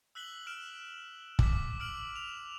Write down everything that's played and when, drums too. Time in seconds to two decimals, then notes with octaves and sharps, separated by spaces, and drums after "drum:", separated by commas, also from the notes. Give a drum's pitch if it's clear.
0.15 E6 F#6 B6 F#7 G7
0.46 F6 D7 E7
1.39 D6 B6, drum: kick
1.80 E6 F6 D7 F#7
2.16 F7